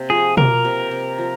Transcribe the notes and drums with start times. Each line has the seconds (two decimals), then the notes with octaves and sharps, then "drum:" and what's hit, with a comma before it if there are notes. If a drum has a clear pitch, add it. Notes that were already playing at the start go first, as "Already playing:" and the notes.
Already playing: C3 A#3
0.10 F3 G#4
0.37 A#3 A#4, drum: tom B2
0.64 C3
0.91 C3
1.18 F3